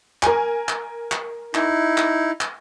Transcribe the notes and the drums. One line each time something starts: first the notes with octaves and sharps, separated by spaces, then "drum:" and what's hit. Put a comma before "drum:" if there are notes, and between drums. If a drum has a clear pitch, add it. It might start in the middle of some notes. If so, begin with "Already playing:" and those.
A#4 G#5, drum: clap
drum: clap
drum: clap
D#4 E4, drum: clap
drum: clap
drum: clap